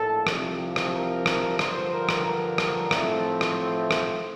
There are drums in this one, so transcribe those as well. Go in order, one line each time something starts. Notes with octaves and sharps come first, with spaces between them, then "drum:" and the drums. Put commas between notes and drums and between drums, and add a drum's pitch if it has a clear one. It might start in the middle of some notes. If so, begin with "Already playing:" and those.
Already playing: A#1 A2 A4
C2 C3 F3, drum: rim click
drum: rim click
A#4
drum: rim click
G2 D3 F3 C5, drum: rim click
A#4
drum: rim click
A#4
drum: rim click
A2 F3 A3 C4 A4, drum: rim click
drum: rim click
drum: rim click